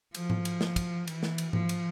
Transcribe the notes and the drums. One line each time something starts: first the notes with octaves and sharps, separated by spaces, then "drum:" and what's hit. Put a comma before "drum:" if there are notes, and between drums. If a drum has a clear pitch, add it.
F3, drum: cymbal
drum: tom G#2
drum: cymbal
drum: snare
drum: kick, cymbal
E3, drum: cymbal
drum: snare
drum: cymbal
F3, drum: tom G#2
drum: cymbal